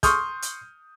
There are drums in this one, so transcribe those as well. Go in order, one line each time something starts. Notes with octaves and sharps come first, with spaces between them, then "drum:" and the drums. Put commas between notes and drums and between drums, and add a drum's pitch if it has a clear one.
C6 C#6 D#6 F6 G6, drum: kick, hi-hat
drum: hi-hat